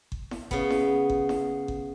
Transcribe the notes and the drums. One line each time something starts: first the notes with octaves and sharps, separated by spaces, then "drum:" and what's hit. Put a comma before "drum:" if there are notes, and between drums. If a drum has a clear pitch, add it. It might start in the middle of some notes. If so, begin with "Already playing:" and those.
drum: kick G1
drum: snare E4
C#3 B3, drum: kick G1
drum: snare E4
drum: kick G1
drum: snare E4
drum: kick G1